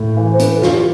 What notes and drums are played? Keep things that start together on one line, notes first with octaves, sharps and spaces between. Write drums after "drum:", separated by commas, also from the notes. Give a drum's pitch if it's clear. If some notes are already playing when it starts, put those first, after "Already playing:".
Already playing: A2
E3
C5
B3 B4, drum: hi-hat
A4
F4, drum: snare
G4